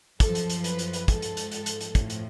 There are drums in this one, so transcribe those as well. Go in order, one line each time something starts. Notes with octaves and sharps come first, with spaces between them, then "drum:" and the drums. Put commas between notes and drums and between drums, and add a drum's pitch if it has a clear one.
F#2 F3 A4, drum: kick, hi-hat
drum: hi-hat
drum: hi-hat
B4, drum: hi-hat
drum: hi-hat
drum: hi-hat
G#2 F3 A4, drum: kick, hi-hat
drum: hi-hat
drum: hi-hat
drum: hi-hat
drum: hi-hat
drum: hi-hat
A2 F3, drum: kick, hi-hat
drum: hi-hat